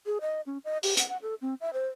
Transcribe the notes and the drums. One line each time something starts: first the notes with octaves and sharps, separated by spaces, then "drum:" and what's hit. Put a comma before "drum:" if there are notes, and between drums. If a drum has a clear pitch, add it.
G#4
D#5
C#4
D#5
G4, drum: open hi-hat
F#5, drum: hi-hat
F#5
A4
C4
E5
C5